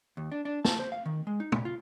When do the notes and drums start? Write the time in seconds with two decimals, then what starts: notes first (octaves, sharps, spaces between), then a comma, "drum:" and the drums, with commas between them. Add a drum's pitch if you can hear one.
0.17 D#2
0.32 D4
0.45 D4
0.65 A5, drum: snare
0.79 C5
0.92 F5
1.06 D#3
1.27 G#3
1.40 D#4
1.52 A#2, drum: tom
1.65 F4